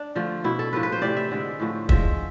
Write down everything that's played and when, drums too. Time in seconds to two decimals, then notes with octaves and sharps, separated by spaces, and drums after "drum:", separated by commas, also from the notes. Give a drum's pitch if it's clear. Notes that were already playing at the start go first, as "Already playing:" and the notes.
Already playing: D4
0.15 D3 F3 A3
0.44 B2 A3 E4
0.59 A4
0.73 A2 F3 A3 B4
0.83 B4
0.92 C5
1.02 C3 E3 A3 D5
1.17 E5
1.31 D3 G#3
1.60 A2 F3 A3
1.89 D3 F3 G#3 E5, drum: kick